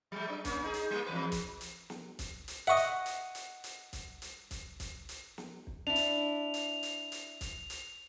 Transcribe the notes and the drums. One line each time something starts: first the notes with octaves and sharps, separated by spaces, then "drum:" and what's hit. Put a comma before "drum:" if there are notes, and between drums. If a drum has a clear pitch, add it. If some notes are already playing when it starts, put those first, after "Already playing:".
F#3 G#3
D4
A#3 C#4, drum: kick, hi-hat
D#4 G#4
drum: hi-hat
G3 A#3
E2 E3 B4
drum: kick, hi-hat
drum: hi-hat
drum: snare
drum: kick, hi-hat
drum: hi-hat
D#5 E5 F#5 C#6 D#6
drum: hi-hat
drum: hi-hat
drum: hi-hat
drum: hi-hat
drum: kick, hi-hat
drum: hi-hat
drum: kick, hi-hat
drum: kick, hi-hat
drum: hi-hat
drum: snare
drum: kick
D4 E4 F7
drum: hi-hat
drum: hi-hat
drum: hi-hat
drum: hi-hat
drum: kick, hi-hat
drum: hi-hat